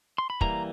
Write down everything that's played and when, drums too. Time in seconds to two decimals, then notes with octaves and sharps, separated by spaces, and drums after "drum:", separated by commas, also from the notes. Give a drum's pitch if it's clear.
0.18 C6
0.30 B5
0.41 E3 G3 A#3 A#5, drum: kick